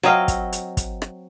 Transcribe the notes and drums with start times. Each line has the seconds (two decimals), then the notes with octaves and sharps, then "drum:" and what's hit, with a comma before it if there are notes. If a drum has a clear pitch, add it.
0.03 F#3 C4 D#5 F5, drum: rim click
0.28 drum: kick, hi-hat
0.53 drum: hi-hat
0.77 drum: kick, hi-hat
1.02 drum: rim click